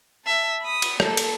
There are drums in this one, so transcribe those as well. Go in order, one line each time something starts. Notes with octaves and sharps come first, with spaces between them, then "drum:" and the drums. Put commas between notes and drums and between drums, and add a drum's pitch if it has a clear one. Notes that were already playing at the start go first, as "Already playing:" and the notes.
E5 A5
B5 D#6
drum: cymbal
A#3 A4, drum: rim click
drum: cymbal